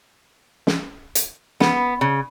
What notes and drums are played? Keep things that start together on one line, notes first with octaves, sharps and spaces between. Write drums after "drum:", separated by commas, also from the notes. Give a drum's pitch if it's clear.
drum: snare
drum: hi-hat
B3, drum: snare
C#3